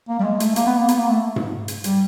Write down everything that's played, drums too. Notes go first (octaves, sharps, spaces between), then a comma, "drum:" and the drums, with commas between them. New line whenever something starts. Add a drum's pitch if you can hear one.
A#3
G3
G#3
A3, drum: hi-hat
A#3, drum: hi-hat
B3
A#3
B3, drum: hi-hat
A#3
A3
drum: tom G#2
drum: hi-hat
G3, drum: hi-hat